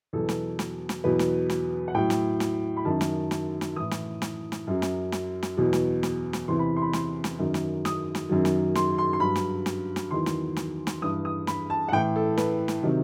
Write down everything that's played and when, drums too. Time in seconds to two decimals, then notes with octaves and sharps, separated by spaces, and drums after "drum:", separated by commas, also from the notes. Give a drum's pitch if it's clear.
0.13 E2 B2 F#3 A4
0.29 drum: snare
0.59 drum: snare
0.89 drum: snare
1.04 E2 B2 F#3 B4
1.19 drum: snare
1.50 drum: snare
1.88 F#5
1.95 A2 F#3 G5
2.10 drum: snare
2.40 drum: snare
2.77 B5
2.85 F#2 D#3 F#3 A5
3.01 drum: snare
3.31 drum: snare
3.61 drum: snare
3.76 A2 E3 D#6
3.91 drum: snare
4.22 drum: snare
4.52 drum: snare
4.67 F#2 F#3
4.82 drum: snare
5.12 drum: snare
5.43 drum: snare
5.57 E2 B2 F#3
5.73 drum: snare
6.03 drum: snare
6.33 drum: snare
6.48 E2 C3 E3 C6
6.59 B5
6.76 C6
6.82 B5
6.93 C6, drum: snare
7.24 drum: snare
7.39 F#2 D#3 F#3
7.54 drum: snare
7.85 D#6, drum: snare
8.15 drum: snare
8.30 F#2 D#3 F#3
8.45 drum: snare
8.75 C6, drum: snare
8.98 C6
9.13 C6
9.20 G2 F#3 B5
9.36 drum: snare
9.66 drum: snare
9.96 drum: snare
10.11 E2 D#3 F#3 C6
10.26 drum: snare
10.57 drum: snare
10.87 drum: snare
11.02 G2 E3 D#6
11.25 D#6
11.47 B5, drum: snare
11.70 A5
11.88 F#5
11.92 A2 E3 G5
12.16 A4
12.38 B4, drum: snare
12.68 drum: snare
12.83 C3 D#3 F#3